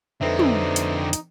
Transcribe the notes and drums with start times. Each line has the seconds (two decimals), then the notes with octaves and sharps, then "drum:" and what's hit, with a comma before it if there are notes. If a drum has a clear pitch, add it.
0.21 F2 D3 C4 D#4 A4 B4 E5
0.39 drum: tom
0.76 drum: hi-hat
1.13 drum: hi-hat